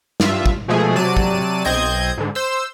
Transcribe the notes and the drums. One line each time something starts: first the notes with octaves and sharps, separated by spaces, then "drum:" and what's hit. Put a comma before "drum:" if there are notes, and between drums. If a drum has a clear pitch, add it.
G2 F4 E5, drum: snare
drum: kick
B2 F3 G#3 A3 G#4
C3 F#3 D5 A5 D#7
drum: kick
B1 C4 D#5 G6 G#6
G#2 D3
C5 E6